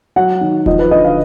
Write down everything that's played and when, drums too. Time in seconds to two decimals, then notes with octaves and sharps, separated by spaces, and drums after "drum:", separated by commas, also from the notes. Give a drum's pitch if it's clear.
0.16 F#3 F#5
0.41 D#3
0.66 F3 D#5, drum: kick D#1
0.79 B4
0.91 D3 D#5
1.04 F5